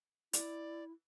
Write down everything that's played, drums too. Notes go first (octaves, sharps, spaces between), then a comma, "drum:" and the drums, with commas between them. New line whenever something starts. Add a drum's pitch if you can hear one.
E4 D5, drum: hi-hat